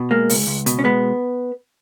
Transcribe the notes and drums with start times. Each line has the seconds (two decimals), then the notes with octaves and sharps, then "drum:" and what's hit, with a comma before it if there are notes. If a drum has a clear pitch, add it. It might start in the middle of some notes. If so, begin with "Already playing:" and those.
Already playing: B2
0.11 G#3 A#3
0.30 C#2, drum: open hi-hat
0.47 C#2
0.66 B2, drum: hi-hat
0.79 C#4
0.84 G#3 B3